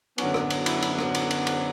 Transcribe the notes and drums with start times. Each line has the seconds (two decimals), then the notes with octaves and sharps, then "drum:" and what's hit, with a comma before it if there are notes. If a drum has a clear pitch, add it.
0.18 F#2 D3 F#3 B3 C#4, drum: cymbal
0.34 drum: rim click
0.50 drum: cymbal
0.66 E4, drum: cymbal
0.82 drum: cymbal
0.99 drum: rim click
1.15 drum: cymbal
1.31 drum: cymbal
1.47 drum: cymbal